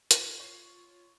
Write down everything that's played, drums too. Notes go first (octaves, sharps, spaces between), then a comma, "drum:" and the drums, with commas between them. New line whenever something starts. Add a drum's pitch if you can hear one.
drum: hi-hat
F4
C#5 C7